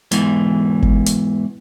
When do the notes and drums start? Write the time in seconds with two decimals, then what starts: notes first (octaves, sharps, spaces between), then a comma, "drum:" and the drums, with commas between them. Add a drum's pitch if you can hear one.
0.11 E2 G#2 E3, drum: hi-hat
0.83 drum: kick G1
1.06 drum: hi-hat